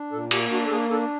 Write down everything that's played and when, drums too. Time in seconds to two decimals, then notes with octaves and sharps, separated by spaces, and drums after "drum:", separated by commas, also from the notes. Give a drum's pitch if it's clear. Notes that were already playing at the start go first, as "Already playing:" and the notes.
Already playing: D4
0.12 A#2 A4
0.31 A#3 G4, drum: cymbal
0.51 D4 F#4
0.66 A4
0.71 A#3 G#4
0.91 D4 A4